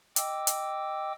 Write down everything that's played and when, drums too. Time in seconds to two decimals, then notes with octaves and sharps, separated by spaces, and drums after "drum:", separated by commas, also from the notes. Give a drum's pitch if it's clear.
0.16 D#5 G5 D6 E6, drum: hi-hat
0.47 drum: hi-hat